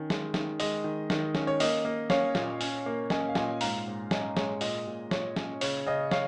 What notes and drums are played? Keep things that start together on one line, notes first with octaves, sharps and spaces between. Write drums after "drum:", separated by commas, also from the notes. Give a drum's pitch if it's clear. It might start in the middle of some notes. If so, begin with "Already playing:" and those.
Already playing: D#3 C#4
G#3, drum: snare
D#3, drum: snare
G#3 D#5, drum: open hi-hat
D#3
D#3, drum: snare
C#4, drum: snare
C#5
A#3 D#5, drum: open hi-hat
A#3
C#4 C#5 F5, drum: snare
A#2, drum: snare
C#4, drum: open hi-hat
A#3
C#4 D#5 G#5, drum: snare
F5
A#2 D#5 G#5, drum: snare
G#2 F5 A#5, drum: open hi-hat
G#2
C#4 D#5 G#5, drum: snare
G#3 C#5, drum: snare
A#2 D#5, drum: open hi-hat
A#2
A#2 C#5, drum: snare
C#4, drum: snare
C#3 C#5, drum: open hi-hat
C#3 D#5
C#5 F5, drum: snare